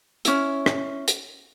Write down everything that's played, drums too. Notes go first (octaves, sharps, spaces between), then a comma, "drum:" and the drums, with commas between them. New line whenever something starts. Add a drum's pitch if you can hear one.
C#4 E4, drum: hi-hat
drum: rim click
drum: hi-hat